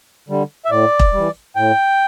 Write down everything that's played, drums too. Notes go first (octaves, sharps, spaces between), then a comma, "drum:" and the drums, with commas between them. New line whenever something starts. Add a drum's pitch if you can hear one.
D3 G3
E5
A2 D5
drum: kick E1
E3 G3
A2 G5